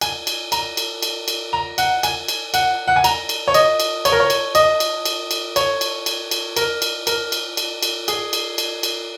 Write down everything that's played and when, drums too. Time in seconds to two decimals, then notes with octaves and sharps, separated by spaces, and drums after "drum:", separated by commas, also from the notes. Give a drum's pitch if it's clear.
0.01 G#5, drum: cymbal
0.27 drum: cymbal
0.52 A#5, drum: cymbal
0.77 drum: cymbal
1.02 drum: cymbal
1.28 drum: cymbal
1.53 A#5
1.78 F#5, drum: cymbal
2.03 G#5, drum: cymbal
2.28 drum: cymbal
2.54 F#5, drum: cymbal
2.88 F#5
2.96 G#5
3.04 A#5, drum: cymbal
3.29 drum: cymbal
3.48 C#5
3.54 D#5, drum: cymbal
3.80 drum: cymbal
4.05 C#5, drum: cymbal
4.12 A#4
4.20 C#5
4.30 drum: cymbal
4.55 D#5, drum: cymbal
4.80 drum: cymbal
5.05 drum: cymbal
5.31 drum: cymbal
5.56 C#5, drum: cymbal
5.81 drum: cymbal
6.06 drum: cymbal
6.31 drum: cymbal
6.56 A#4, drum: cymbal
6.82 drum: cymbal
7.07 A#4, drum: cymbal
7.32 drum: cymbal
7.57 drum: cymbal
7.83 drum: cymbal
8.08 G#4, drum: cymbal
8.33 drum: cymbal
8.58 drum: cymbal
8.83 drum: cymbal